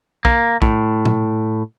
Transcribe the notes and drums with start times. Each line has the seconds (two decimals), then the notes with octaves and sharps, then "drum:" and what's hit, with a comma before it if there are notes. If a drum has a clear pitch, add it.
0.25 A#3, drum: kick
0.62 A2, drum: kick
1.05 drum: tom A#2